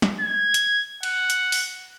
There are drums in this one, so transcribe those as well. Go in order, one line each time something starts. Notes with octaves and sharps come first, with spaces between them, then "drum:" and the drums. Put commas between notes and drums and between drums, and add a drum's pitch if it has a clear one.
drum: snare
G#6
drum: hi-hat
F#5, drum: cymbal
drum: hi-hat
drum: open hi-hat